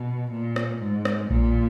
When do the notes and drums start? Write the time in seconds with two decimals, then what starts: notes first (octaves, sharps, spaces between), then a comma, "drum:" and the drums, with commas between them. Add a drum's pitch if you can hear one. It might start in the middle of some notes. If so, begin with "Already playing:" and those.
Already playing: B2
0.31 A#2
0.56 drum: rim click
0.81 G#2
1.05 drum: rim click
1.30 A#2, drum: kick A#1